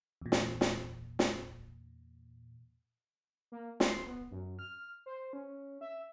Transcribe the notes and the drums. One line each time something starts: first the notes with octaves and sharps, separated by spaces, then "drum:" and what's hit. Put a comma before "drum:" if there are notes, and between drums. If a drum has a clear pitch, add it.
E2 A#2
drum: snare
drum: snare
drum: snare
A#3
C6, drum: snare
B3
F#2
F6
C5
C#4
E5